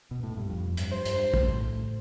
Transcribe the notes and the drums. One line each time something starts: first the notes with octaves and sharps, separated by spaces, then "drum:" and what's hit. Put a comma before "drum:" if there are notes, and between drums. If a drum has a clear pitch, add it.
B2
A2
G2
F2
G2, drum: hi-hat
C5
G2, drum: hi-hat
A2, drum: kick